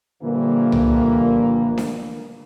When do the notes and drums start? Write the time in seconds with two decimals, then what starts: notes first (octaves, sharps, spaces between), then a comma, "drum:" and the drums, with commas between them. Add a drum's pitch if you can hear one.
0.22 A#2 D3 E3 F3 G3 A#3
0.72 drum: tom C2
1.78 drum: snare D4